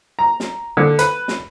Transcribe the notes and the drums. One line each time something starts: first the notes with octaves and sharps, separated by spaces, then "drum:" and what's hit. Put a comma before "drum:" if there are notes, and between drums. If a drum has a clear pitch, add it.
A#5
drum: snare
D3
B4, drum: hi-hat
drum: snare